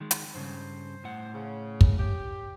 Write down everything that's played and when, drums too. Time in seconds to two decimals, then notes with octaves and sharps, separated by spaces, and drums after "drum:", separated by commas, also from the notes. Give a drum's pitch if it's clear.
0.01 D#3 G#3
0.11 drum: hi-hat
0.35 G2 C#3 C5
1.04 A2 F#5
1.34 C#3
1.81 drum: kick
1.99 G4